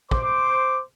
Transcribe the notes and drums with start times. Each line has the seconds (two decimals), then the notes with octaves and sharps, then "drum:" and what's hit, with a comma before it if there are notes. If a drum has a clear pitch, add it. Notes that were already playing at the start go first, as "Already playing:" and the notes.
0.11 C5 D6, drum: kick